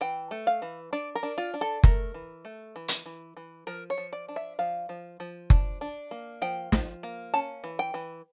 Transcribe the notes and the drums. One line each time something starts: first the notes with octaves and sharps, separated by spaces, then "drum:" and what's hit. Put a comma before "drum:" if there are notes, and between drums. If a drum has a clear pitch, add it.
E3 G5
A3
F5
E3
D4 D5
A#4
D4
F4
D4
A4
A3 A#4, drum: kick F#1
E3
A3
E3
drum: hi-hat
E3
E3
F3 A#4
C#5
F3
D5
D4
E5
F3 F5
F3
F3
D4, drum: kick F#1
D4
A#3
F3 G5
F3, drum: snare
A#3
C#4 A5
E3
G5
E3